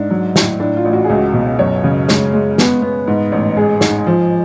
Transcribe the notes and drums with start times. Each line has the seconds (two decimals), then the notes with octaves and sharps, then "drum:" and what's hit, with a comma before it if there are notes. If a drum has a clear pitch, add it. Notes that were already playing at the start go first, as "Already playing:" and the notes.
Already playing: G#2 D4
0.11 F#3
0.36 A2, drum: snare
0.60 A2 D4
0.76 F4
0.85 A1
0.93 F#4
1.04 G#4
1.10 C#2 F#4
1.34 B2
1.59 F#2 C#5
1.84 C#3
2.09 G#3, drum: snare
2.33 G#3
2.58 B3, drum: snare
2.82 B3
3.07 G#2
3.32 A1
3.57 G#3 G#4
3.81 G#2, drum: snare
4.07 F3